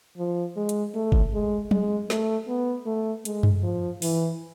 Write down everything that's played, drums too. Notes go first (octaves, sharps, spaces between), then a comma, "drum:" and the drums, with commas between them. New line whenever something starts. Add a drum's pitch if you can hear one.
F3
G#3
drum: hi-hat
A3
drum: kick G1
G#3
G#3, drum: tom F#3
A3, drum: snare
B3
A3
G#3, drum: hi-hat
drum: tom F#2
F3
E3, drum: open hi-hat